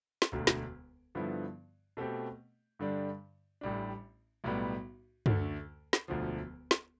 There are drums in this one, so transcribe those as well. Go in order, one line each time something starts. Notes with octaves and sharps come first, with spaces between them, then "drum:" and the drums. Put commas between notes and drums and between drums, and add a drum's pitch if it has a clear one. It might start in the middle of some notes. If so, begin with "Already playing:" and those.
drum: snare
E1 D2 D3
drum: snare
G2 D3 F3 B3 E4
B2 A3 C4 G4
G2 D3 G3 D4
A1 A2 G3 D4
B1 A2 G3 B3
D2 D3 A3, drum: tom
drum: snare
E1 D2 D3 F3
drum: snare